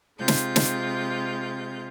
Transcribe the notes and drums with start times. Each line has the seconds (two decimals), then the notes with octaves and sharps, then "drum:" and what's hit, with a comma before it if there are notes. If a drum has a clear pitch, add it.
0.18 C3 G#3 F4 G6
0.28 drum: snare
0.56 drum: snare